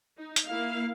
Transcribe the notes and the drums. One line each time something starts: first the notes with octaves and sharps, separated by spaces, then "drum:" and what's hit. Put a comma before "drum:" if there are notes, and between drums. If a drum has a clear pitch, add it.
D#4
drum: hi-hat
A#3 E4 F5